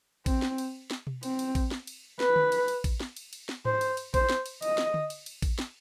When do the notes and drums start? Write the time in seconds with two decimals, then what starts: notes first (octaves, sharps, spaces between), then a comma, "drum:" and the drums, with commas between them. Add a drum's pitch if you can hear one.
0.26 C4, drum: kick A1, cymbal
0.42 drum: snare
0.58 drum: cymbal
0.91 drum: snare
1.07 drum: tom B2
1.23 C4, drum: cymbal
1.39 drum: cymbal
1.55 drum: kick A1, cymbal
1.71 drum: snare
1.87 drum: cymbal
2.20 B4, drum: snare
2.36 drum: tom D3
2.52 drum: cymbal
2.68 drum: cymbal
2.84 drum: kick A1, cymbal
3.00 drum: snare
3.17 drum: cymbal
3.33 drum: cymbal
3.49 drum: snare
3.65 C5, drum: tom G#2
3.81 drum: cymbal
3.97 drum: cymbal
4.14 C5, drum: kick A1, cymbal
4.29 drum: snare
4.46 drum: cymbal
4.62 D#5, drum: cymbal
4.78 drum: snare
4.94 drum: tom D3
5.10 drum: cymbal
5.26 drum: cymbal
5.42 drum: kick A1, cymbal
5.59 drum: snare